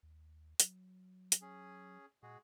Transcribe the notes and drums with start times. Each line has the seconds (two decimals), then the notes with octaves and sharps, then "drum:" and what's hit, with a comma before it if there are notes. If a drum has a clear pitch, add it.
0.03 D#2
0.60 F#3, drum: hi-hat
1.32 drum: hi-hat
1.42 C#4 G#4
2.23 A#2 G#3 F#4 G#4